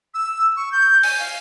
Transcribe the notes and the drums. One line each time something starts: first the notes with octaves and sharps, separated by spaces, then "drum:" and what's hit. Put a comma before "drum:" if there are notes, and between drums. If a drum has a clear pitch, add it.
E6
C#6
G6
G#5, drum: open hi-hat
F5